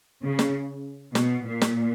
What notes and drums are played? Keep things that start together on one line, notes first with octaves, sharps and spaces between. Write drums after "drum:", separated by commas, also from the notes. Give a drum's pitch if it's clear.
C#3
drum: snare
B2, drum: snare
A#2
drum: snare